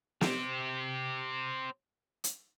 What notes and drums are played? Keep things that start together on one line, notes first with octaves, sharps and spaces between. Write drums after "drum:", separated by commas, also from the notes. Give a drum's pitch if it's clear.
C4 G4, drum: snare
drum: hi-hat